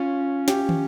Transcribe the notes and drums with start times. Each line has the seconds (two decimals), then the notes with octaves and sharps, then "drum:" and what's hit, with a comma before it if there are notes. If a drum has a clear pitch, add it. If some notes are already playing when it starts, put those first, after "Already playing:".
Already playing: C#4 F4
0.48 G4, drum: snare
0.69 drum: tom